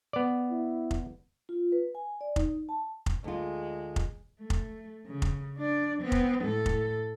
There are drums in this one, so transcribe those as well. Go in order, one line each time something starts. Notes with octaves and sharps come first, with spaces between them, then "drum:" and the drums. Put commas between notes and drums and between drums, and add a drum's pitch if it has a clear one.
B3 D5
E4
drum: kick F1
F4
B4
G#5
D5
D#4, drum: kick F1
A5
drum: kick F1
D2 G#3 F4
drum: kick F1
A3
drum: kick F1
C#3
drum: kick F1
D4 D5
B3 C4
drum: kick F1
A2 A4
drum: kick F1